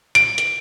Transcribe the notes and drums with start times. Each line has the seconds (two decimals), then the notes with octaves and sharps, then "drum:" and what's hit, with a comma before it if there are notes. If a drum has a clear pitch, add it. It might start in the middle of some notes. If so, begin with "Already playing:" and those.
0.15 D7, drum: hi-hat
0.38 drum: hi-hat